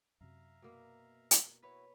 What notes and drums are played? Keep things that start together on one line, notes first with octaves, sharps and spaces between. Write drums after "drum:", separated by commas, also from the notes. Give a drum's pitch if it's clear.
F#2 C3 F#3 E5 F5 A#5
B2 A#3
drum: hi-hat
E4 F#4 B4 C#5